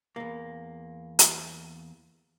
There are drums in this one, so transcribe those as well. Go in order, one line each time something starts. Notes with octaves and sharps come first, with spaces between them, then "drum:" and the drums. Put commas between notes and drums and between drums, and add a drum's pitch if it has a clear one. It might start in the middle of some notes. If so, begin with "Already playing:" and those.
E2 A#3
drum: hi-hat